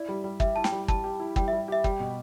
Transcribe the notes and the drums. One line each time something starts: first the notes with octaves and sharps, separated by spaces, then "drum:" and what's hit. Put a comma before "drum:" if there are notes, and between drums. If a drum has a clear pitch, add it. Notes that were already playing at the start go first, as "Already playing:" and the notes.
Already playing: E4 D5
G3
G3
G4 E5, drum: kick
E4 A5
G5, drum: snare
G3
G3 A5, drum: kick
G4
E4
G3 G5, drum: kick
E5
G3
G4 E5
G3 G5, drum: kick
B2